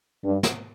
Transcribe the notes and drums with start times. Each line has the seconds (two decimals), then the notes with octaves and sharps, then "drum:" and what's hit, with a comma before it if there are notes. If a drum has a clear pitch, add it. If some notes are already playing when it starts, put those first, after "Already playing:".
0.24 G2
0.43 drum: snare